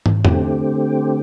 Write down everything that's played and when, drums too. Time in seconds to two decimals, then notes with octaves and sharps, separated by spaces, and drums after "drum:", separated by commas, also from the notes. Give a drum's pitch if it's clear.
0.06 drum: tom
0.25 D3 A3 C4 G4, drum: tom